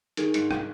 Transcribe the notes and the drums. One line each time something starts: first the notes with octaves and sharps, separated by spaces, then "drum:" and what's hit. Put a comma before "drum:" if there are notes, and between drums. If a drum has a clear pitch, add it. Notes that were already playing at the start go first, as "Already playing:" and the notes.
D#3 G#4, drum: hi-hat
G#2, drum: hi-hat
drum: rim click